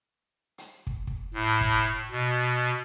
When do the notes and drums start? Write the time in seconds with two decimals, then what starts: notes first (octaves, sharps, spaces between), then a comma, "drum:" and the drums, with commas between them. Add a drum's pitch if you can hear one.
0.58 drum: hi-hat
0.87 drum: kick
1.07 drum: kick
1.34 A2
1.61 drum: kick
2.11 B2